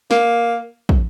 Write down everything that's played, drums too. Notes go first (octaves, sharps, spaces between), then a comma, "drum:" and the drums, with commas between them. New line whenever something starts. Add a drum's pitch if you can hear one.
A#3, drum: snare
drum: kick